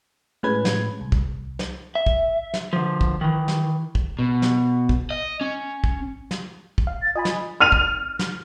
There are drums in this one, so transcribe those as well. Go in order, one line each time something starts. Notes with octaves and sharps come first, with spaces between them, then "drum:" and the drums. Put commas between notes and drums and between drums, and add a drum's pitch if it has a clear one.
A2 G#3 C#4 B4 G#6
drum: snare
C2
drum: kick
drum: snare
E5
drum: kick
drum: snare
D3 F3
drum: kick
D#3 E3
drum: snare
drum: kick
B2
drum: snare
drum: kick
D#5
C#4
drum: kick
drum: snare
drum: kick
F5
A6
F4 D#5 G#5 B5
drum: snare
F6 D#7 F7
drum: kick
drum: snare